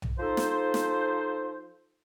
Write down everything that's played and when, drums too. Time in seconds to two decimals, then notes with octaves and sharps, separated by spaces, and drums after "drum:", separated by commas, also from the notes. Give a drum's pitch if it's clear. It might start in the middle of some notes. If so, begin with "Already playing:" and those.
0.02 drum: tom B1
0.19 F3 D#4 A4 C5
0.37 drum: snare
0.74 drum: snare